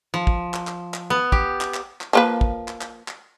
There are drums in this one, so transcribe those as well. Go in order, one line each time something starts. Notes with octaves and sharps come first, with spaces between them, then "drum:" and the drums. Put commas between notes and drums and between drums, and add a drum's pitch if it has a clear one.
F3
drum: kick
drum: clap
drum: clap
drum: clap
B3
G4, drum: kick
drum: clap
drum: clap
drum: clap
F3 A#3 B4
drum: kick
drum: clap
drum: clap
drum: clap